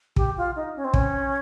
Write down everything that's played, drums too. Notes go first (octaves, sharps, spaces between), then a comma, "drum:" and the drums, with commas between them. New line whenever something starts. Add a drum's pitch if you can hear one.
G4, drum: kick
F4
D#4
C#4
C4
C#4, drum: kick